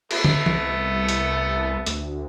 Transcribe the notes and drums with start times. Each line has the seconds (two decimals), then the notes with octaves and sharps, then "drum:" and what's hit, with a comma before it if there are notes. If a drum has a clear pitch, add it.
0.11 A3 B3, drum: cymbal
0.24 drum: tom
0.46 C2, drum: tom
1.09 drum: hi-hat
1.86 D2, drum: hi-hat